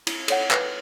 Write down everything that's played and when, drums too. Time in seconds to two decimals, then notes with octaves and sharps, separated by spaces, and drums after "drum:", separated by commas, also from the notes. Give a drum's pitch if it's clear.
0.07 E4, drum: cymbal
0.28 A4 C#5 F#5, drum: cymbal
0.51 B4, drum: clap